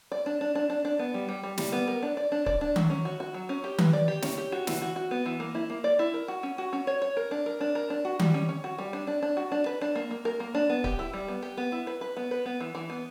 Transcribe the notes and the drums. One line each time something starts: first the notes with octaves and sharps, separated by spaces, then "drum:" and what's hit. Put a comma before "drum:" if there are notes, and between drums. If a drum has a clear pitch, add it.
D5
D4
D4
D4
D4
D4
B3
G3
G3
G3
G3, drum: snare
B3
A#4
D4
D5
D4
D5, drum: kick
D4
F#3, drum: tom D#3
C#4
F#4
F#4
F#3
C#4
G4
B4, drum: tom D#3
D5
G4
C#4, drum: snare
G4
F#4
E3, drum: snare
F#4
F#4
B3
E3
A#3
E4
A#3
D5
E4
A#4
F#4
C#4
F#4
C#4
C#5
C#5
A#4
D4
A#4
D4
A#4
D4
F#4
G3, drum: tom D#3
C#4
C#4
F#4
G3
D4
D4
D4
F#4
D4
B4
D4
A#3
A#3
A#4
A#3
D4
B3
G4, drum: kick
E4
G3
B3
G4
B3
E4
B4
B4
B3
B4
B3
E3
E3
B3